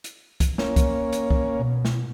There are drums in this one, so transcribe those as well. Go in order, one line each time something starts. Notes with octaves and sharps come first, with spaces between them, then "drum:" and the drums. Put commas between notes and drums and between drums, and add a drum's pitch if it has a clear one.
drum: hi-hat
drum: kick, hi-hat
A#3 C#4, drum: snare
drum: kick, hi-hat
drum: hi-hat
drum: kick
B2
drum: snare